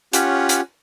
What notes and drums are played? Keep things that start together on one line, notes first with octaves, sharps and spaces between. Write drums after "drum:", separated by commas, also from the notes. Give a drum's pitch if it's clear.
C#4 F4 G4 C#5 F#5, drum: hi-hat
drum: hi-hat